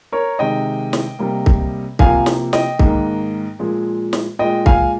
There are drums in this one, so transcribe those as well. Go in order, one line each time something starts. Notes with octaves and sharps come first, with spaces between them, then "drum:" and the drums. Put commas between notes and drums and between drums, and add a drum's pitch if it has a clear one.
A#4 C#5
C3 D#3 G#3 D#5 G5
drum: snare
C3 G3 A#3
drum: kick
C3 F3 A#3 F5 G#5, drum: kick
drum: snare
D#5 G5, drum: snare
G#2 D#3 A#3, drum: kick
A#2 F3 G#3
drum: snare
A#2 G#3 D#5 G5
F5 G#5, drum: kick